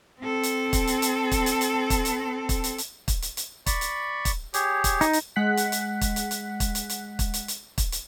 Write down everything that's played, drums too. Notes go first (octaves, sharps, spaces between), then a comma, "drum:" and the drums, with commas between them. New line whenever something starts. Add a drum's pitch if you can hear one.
C4 A4
drum: hi-hat
drum: kick, hi-hat
drum: hi-hat
drum: hi-hat
drum: kick, hi-hat
drum: hi-hat
drum: hi-hat
drum: kick, hi-hat
drum: hi-hat
drum: kick, hi-hat
drum: hi-hat
drum: hi-hat
drum: kick, hi-hat
drum: hi-hat
drum: hi-hat
D5 B5 C#6, drum: kick, hi-hat
drum: hi-hat
drum: kick, hi-hat
G4 G#4 C#5, drum: hi-hat
drum: kick, hi-hat
D#4, drum: hi-hat
drum: hi-hat
G#3 F#5 F#6 B6
drum: hi-hat
drum: hi-hat
drum: kick, hi-hat
drum: hi-hat
drum: hi-hat
drum: kick, hi-hat
drum: hi-hat
drum: hi-hat
drum: kick, hi-hat
drum: hi-hat
drum: hi-hat
drum: kick, hi-hat
drum: hi-hat